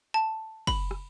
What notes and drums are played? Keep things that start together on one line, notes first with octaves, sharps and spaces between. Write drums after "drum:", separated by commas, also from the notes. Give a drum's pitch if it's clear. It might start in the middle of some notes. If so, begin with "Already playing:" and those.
A5
B5, drum: kick, cymbal
drum: rim click